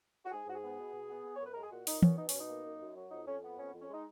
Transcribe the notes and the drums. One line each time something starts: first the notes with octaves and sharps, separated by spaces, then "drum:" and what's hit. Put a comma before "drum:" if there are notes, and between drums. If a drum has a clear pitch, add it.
F#4
G#2 G#4
G#2 F#4
G#4
B3
B2
B2
B3
B3
C#5
F#2 B4
G#3 A#4
G#4
A#2 F#4
A#2 D#4, drum: open hi-hat
B3 C#4, drum: tom
B2 D#4
B2 C#4, drum: open hi-hat
D#4
A#3
F#2
F#2
F#3
F2 D#4
F2 C#4
B3
F2 C#4
F2
C#4
G#3 D#4